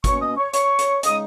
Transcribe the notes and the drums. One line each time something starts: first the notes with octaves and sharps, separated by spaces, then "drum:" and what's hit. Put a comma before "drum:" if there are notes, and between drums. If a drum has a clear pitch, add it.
B2 A#3 C#4 C#5 C#6, drum: kick, hi-hat
D#5 D#6
C#5 C#6
C#5 C#6, drum: hi-hat
drum: hi-hat
C#3 G#3 D#4 D#5 D#6, drum: hi-hat